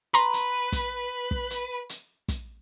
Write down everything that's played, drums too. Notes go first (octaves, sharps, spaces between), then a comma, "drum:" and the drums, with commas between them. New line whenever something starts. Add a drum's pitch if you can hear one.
B4 A#5 C6
drum: hi-hat
drum: kick, hi-hat
drum: kick
drum: hi-hat
drum: hi-hat
drum: kick, hi-hat